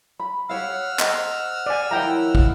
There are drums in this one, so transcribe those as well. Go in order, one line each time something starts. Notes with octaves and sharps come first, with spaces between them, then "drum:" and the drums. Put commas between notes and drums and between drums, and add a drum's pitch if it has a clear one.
B5
G4 C#5 F5 F#5 E6 F6
C5 D#5, drum: clap
D5 G#5
D#3 F3 E4 G4 C#5 G5 A#5
drum: kick